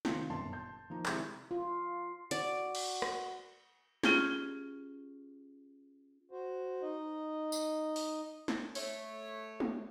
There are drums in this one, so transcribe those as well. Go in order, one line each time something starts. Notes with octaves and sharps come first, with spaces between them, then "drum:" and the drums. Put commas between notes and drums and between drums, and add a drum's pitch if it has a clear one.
C3 D#3 F4 C6, drum: snare
G1 F#2 A#2 A5 C6
A5 C6 G6
F3 A#3 D#4
C3 D#3 G#3 E4 G4, drum: clap
F4
F#4 D5, drum: hi-hat
drum: cymbal
drum: rim click
C#4 F4 G4 G#4, drum: snare
F#4 C5
D#4 D#5
drum: tambourine
drum: open hi-hat
drum: snare
A3 C#5, drum: open hi-hat
drum: tom G#3